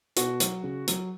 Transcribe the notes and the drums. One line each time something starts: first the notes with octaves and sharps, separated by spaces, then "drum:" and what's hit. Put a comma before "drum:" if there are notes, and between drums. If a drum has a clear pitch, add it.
B2 F#4, drum: hi-hat
F#3, drum: hi-hat
C#3
F#3, drum: hi-hat